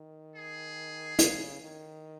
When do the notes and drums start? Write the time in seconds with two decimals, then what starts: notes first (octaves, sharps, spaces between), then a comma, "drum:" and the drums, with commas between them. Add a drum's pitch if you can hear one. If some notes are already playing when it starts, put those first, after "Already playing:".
Already playing: D#3
0.35 G#4
1.19 C#3, drum: hi-hat
1.61 D#3